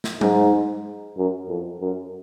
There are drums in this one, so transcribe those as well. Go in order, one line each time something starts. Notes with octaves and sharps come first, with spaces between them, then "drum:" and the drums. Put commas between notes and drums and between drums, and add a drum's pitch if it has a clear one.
drum: snare
G#2, drum: tom F#3
F#2
F2
F#2